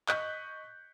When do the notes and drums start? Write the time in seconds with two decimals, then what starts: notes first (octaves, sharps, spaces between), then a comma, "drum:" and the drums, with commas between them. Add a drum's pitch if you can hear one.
0.09 D#5 C#6 F#6 G6 B6, drum: clap